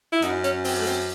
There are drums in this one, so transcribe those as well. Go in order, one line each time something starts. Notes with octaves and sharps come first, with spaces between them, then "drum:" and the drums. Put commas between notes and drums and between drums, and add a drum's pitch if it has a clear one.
E4
F#2 D#4, drum: hi-hat
C#4, drum: hi-hat
C4, drum: open hi-hat
A3
C4, drum: hi-hat